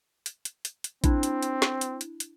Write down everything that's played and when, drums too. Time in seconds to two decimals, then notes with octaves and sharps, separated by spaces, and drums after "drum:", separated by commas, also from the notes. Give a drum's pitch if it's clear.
0.26 drum: hi-hat
0.45 drum: hi-hat
0.65 drum: hi-hat
0.84 drum: hi-hat
1.04 C4 D4 E4, drum: kick A1, hi-hat
1.23 drum: hi-hat
1.43 drum: hi-hat
1.62 drum: snare
1.81 drum: hi-hat
2.01 drum: hi-hat
2.20 drum: hi-hat